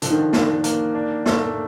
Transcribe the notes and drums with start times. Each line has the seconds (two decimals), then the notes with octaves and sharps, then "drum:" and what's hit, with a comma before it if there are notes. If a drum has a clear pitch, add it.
0.02 D3 F3, drum: hi-hat
0.10 D#3
0.19 D3
0.33 D4, drum: snare
0.64 A#3, drum: hi-hat
0.95 D4
1.26 A3, drum: snare